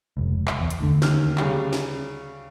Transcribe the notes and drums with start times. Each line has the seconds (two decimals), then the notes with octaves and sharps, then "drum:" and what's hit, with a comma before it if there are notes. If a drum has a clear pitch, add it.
0.17 F1 C#2
0.47 drum: clap
0.61 E2
0.70 drum: hi-hat
0.81 D2 D3
1.02 D#2 F6, drum: snare
1.38 C#3 F#3 G3, drum: clap
1.73 drum: snare